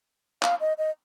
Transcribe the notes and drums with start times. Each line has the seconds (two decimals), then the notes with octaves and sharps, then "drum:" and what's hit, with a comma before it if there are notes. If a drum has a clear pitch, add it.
0.42 F5, drum: clap
0.61 D#5
0.78 D#5